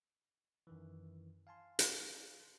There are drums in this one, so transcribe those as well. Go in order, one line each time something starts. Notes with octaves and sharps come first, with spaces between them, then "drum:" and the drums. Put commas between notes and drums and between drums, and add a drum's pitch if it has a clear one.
F#2 D#3 E3
F5 G#5 A5 C6
drum: hi-hat